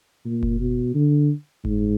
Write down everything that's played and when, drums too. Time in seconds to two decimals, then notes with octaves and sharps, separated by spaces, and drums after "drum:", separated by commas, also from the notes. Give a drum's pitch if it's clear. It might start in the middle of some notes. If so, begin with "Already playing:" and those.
0.25 A#2
0.43 drum: kick F#1
0.60 B2
0.94 D3
1.65 G#2, drum: kick F#1